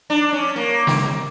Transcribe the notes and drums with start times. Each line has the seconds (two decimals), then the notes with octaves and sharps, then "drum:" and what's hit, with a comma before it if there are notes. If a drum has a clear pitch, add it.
0.10 D4
0.33 C#4
0.56 A#3
0.87 drum: snare